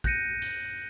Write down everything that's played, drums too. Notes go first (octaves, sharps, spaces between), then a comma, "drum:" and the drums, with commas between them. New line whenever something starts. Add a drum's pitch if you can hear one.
F#6 G6 A#6 C#7 D#7, drum: kick
drum: hi-hat